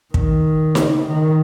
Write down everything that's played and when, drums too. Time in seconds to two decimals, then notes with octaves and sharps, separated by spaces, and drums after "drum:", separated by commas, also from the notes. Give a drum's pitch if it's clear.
0.14 D#3, drum: kick
0.75 C#3, drum: snare D#4
1.07 D#3